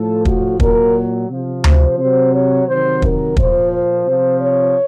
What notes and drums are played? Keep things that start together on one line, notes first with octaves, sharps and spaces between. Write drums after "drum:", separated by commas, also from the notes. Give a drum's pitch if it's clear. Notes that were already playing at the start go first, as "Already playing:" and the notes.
Already playing: A2 F3 A4
F#4, drum: kick
A#2 F#3 A#4, drum: kick
C3 F3
C5, drum: tom D2
C3 F#3 C5
C#5
C3 D#3 F#3 C5
A#4, drum: kick
A#2 F3 C5, drum: kick
C5
C3 F3
C#5